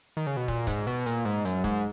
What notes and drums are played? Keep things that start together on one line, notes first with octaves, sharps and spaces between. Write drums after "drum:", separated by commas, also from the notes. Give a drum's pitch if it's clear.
D#3
C#3
B2
A#2, drum: kick
G#2, drum: kick, hi-hat
B2
A#2, drum: hi-hat
G#2
F#2, drum: hi-hat
G#2, drum: kick